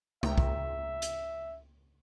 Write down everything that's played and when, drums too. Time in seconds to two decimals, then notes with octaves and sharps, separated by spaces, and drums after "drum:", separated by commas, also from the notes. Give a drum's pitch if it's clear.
0.23 C#2 E5 G5 A#5, drum: tom
0.38 drum: kick
1.02 drum: hi-hat